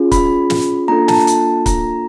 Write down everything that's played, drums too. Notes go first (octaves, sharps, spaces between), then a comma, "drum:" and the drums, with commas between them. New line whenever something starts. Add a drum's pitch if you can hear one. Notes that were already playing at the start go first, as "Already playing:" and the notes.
Already playing: C#4 F4 G#4
B5, drum: kick C#1, hi-hat
drum: snare
A#3 D4 F4 A4 A#5
A5, drum: snare
drum: hi-hat
A#5, drum: kick C#1, hi-hat